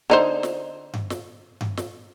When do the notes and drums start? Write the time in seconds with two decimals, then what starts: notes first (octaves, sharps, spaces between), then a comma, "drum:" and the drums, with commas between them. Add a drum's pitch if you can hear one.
0.10 D3 D#4 C5
0.43 drum: snare
0.94 drum: tom G2
1.10 drum: snare
1.61 drum: tom G2
1.77 drum: snare